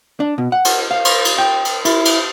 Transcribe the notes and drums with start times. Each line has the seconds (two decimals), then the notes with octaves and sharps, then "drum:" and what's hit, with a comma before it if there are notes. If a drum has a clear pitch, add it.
0.20 D4
0.38 B2
0.52 F#5
0.65 drum: cymbal
0.91 F5
1.05 drum: cymbal
1.25 drum: cymbal
1.38 G5
1.65 drum: cymbal
1.85 E4, drum: cymbal
2.05 drum: cymbal